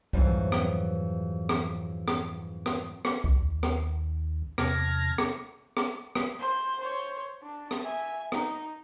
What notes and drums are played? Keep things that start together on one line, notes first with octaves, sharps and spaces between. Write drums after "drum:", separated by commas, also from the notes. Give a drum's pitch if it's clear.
F2 G#2 E3 F#3 G3, drum: kick C2
drum: rim click
drum: rim click
drum: rim click
drum: rim click
drum: rim click
drum: kick C2
D#2
drum: rim click
E2 C3 A5 F6 G#6 A#6, drum: rim click
drum: rim click
drum: rim click
drum: rim click
C5
C5 C#5
D4
drum: rim click
E5 G#5
D#4, drum: rim click